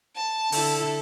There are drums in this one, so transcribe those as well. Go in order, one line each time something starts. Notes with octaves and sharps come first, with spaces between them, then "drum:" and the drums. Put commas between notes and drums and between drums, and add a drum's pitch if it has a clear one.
A5
D3 E4 A4, drum: open hi-hat